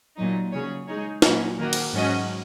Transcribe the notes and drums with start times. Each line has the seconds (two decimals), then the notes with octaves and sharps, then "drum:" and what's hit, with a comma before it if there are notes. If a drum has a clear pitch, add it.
0.17 A#2 F#3 D#4
0.52 C#3 F#3 C#4 G#4 C#5
0.87 G#3 D#4 G#4 C#5
1.22 A#2 F#3 C#4, drum: snare
1.58 D#3 A#3 F#4 D#5
1.73 drum: cymbal
1.93 G#2 F#3 C#4 F#4 D#5